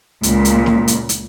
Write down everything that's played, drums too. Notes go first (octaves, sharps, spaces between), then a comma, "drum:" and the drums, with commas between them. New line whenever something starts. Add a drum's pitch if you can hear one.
C#2 A#2, drum: hi-hat
drum: hi-hat
drum: snare
drum: hi-hat
drum: hi-hat